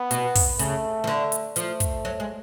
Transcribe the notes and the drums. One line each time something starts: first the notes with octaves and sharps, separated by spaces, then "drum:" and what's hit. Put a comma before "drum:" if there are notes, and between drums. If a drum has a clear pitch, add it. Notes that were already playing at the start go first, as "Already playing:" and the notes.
Already playing: B3
B2, drum: hi-hat
drum: kick, open hi-hat
C#3 A3, drum: hi-hat
F3
D3
drum: hi-hat
F3 A3, drum: hi-hat
drum: kick, hi-hat
F#3
G#3